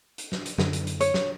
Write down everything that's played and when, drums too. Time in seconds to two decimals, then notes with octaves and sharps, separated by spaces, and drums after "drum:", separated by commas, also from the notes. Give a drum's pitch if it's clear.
0.18 drum: hi-hat
0.32 drum: snare
0.46 drum: hi-hat
0.58 F#2 D3, drum: snare
0.73 drum: hi-hat
0.87 drum: hi-hat
1.00 C#5, drum: hi-hat
1.14 drum: snare